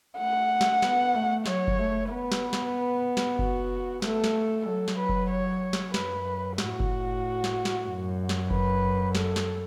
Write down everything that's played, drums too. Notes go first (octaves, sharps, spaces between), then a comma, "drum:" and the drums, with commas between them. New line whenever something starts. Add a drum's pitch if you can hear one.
A3 F#5
drum: snare
B3, drum: snare
A3
F#3 C#5, drum: snare
drum: kick F#1
A3
B3 B4
drum: snare
drum: snare
drum: snare
F#4, drum: kick F#1
A3 A4, drum: snare
drum: snare
F#3 A4
drum: snare
B4
drum: kick F#1
C#5
drum: snare
F#2 B4, drum: snare
A2 F#4, drum: snare
drum: kick F#1
drum: snare
drum: snare
F#2
drum: snare
B4, drum: kick F#1
A4, drum: snare
drum: snare